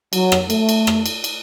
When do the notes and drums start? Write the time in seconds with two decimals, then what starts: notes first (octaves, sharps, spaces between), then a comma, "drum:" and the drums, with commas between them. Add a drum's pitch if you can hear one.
0.13 F#3, drum: cymbal
0.32 drum: rim click
0.50 A3, drum: cymbal
0.69 drum: cymbal
0.87 drum: rim click
1.06 drum: cymbal
1.24 drum: cymbal